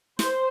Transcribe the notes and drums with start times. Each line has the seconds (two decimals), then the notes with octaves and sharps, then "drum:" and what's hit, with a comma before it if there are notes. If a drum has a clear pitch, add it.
0.19 C5, drum: snare